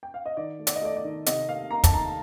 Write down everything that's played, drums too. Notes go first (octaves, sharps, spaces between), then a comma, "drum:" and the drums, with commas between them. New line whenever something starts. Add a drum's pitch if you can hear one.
G5
F5
D#5
D#3 D5
A3
D5, drum: hi-hat
D#5
A3 D5
D5
D#3
C3 D#5, drum: hi-hat
A#3 F5
A#3 A#5
A5, drum: kick, hi-hat
D#3 A#5